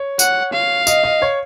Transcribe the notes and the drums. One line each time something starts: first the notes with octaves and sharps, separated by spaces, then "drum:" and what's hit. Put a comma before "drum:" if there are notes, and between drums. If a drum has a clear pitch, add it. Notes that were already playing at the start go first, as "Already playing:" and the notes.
Already playing: C#5
F#5, drum: tambourine
F5
D#5, drum: tambourine
D#5
C#5